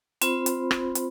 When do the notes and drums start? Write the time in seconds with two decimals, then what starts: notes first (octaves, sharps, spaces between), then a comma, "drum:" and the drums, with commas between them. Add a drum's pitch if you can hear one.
0.21 C4 F4 C5 B5, drum: hi-hat
0.46 drum: hi-hat
0.71 drum: rim click
0.95 drum: hi-hat